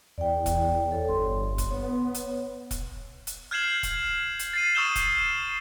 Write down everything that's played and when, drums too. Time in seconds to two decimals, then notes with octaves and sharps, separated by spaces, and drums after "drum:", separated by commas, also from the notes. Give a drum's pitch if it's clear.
0.18 E2 D5 G5
0.46 drum: kick E1, hi-hat
0.91 A4 C#5
1.09 G1 C6
1.58 drum: kick E1, hi-hat
1.71 B3 C#5
2.14 drum: hi-hat
2.71 drum: kick E1, hi-hat
3.27 drum: hi-hat
3.51 F6 G6 G#6 C7 E7 F#7
3.83 drum: kick E1, hi-hat
4.39 drum: hi-hat
4.53 A6 C7 D#7
4.75 C#6 D#6 E6 G6 E7 G7
4.96 drum: kick E1, hi-hat